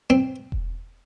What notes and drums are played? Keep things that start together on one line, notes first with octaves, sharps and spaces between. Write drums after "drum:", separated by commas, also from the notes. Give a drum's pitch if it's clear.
C4
drum: kick E1